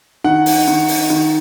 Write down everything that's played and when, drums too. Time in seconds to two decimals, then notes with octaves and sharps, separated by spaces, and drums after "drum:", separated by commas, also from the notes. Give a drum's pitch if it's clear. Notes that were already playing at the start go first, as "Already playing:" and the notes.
0.24 D#3 F#5
0.46 drum: open hi-hat
0.68 D#3
0.88 drum: open hi-hat
1.10 D#3